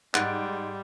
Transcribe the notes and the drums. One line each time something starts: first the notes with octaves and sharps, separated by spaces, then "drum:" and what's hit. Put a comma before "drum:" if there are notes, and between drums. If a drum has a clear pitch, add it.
G#2 G3 F#5 F#6 A6 D7, drum: clap